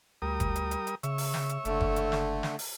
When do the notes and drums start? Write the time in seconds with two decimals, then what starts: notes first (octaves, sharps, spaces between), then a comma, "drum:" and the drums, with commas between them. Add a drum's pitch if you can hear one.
0.22 D2 G3 A#4 D#6
0.40 drum: kick, hi-hat
0.56 drum: hi-hat
0.71 drum: hi-hat
0.87 drum: hi-hat
1.03 C#3 C#5 E5, drum: hi-hat
1.18 drum: open hi-hat
1.34 drum: snare
1.49 drum: hi-hat
1.65 F#1 D3 A3, drum: hi-hat
1.81 drum: kick
1.96 drum: hi-hat
2.12 drum: snare
2.43 drum: snare
2.59 drum: open hi-hat